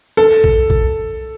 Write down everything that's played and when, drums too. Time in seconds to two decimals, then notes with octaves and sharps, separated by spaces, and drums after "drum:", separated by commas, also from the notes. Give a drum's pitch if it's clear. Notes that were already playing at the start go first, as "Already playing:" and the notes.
0.17 A4
0.44 drum: kick A#1
0.70 drum: kick A#1